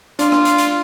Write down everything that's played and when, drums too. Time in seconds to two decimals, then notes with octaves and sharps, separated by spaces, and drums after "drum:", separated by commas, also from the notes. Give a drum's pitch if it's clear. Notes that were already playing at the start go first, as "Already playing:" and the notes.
0.19 D4 F4 D5, drum: hi-hat
0.32 drum: rim click
0.45 drum: hi-hat
0.58 drum: hi-hat